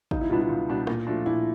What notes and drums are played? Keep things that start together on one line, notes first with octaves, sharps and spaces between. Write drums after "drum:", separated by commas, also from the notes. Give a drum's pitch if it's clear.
C#2 D#4, drum: kick
E4
B2 G3 B3 D4 F4
F4
C#2
B2 G3 B3 D4
A#2, drum: rim click
F3 A3 D4
A#2 E4